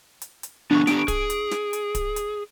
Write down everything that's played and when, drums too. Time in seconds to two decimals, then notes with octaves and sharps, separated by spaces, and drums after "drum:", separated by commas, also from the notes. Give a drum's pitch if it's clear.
0.22 drum: hi-hat
0.43 drum: hi-hat
0.71 D3 F3 B3 D4 C#6
0.87 B3 D4 G4 D7, drum: snare
1.08 G#4, drum: kick D1, hi-hat
1.30 drum: hi-hat
1.51 drum: snare
1.73 drum: hi-hat
1.95 drum: kick D1, hi-hat
2.16 drum: hi-hat